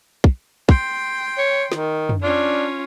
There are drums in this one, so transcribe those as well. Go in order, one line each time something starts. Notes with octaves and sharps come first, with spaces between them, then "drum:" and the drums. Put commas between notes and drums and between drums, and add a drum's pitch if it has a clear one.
drum: kick
G5 C6, drum: kick
C#5
D#3, drum: snare
drum: tom
C#4 D4 F4